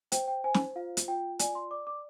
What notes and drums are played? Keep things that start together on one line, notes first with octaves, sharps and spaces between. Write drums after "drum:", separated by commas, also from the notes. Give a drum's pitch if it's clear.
C5 G5, drum: hi-hat
G5
C5 G#5
drum: snare
F4 F5
drum: hi-hat
F4 G5
D5 G#5, drum: hi-hat
C6
D5 D6
D6